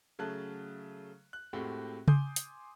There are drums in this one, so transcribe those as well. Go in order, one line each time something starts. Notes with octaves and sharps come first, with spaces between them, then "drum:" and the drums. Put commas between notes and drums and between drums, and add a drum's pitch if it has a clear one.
C#3 F#3 A3 A5 F#6
F#6
A2 G#3 C4 F#4 G4
G#5 C6 D6 D#6 G6, drum: tom C#3
drum: hi-hat